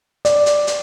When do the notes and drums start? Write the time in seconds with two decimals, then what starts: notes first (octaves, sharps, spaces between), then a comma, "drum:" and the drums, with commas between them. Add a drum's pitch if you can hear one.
0.25 D5, drum: hi-hat
0.46 drum: hi-hat
0.67 drum: hi-hat